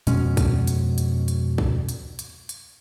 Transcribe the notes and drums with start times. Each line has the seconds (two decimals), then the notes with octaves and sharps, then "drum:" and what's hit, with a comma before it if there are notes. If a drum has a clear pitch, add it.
0.07 F2 B2 G#3 C#4, drum: hi-hat
0.37 drum: kick, hi-hat
0.67 drum: hi-hat
0.98 drum: hi-hat
1.28 drum: hi-hat
1.58 drum: kick
1.89 drum: hi-hat
2.19 drum: hi-hat
2.49 drum: hi-hat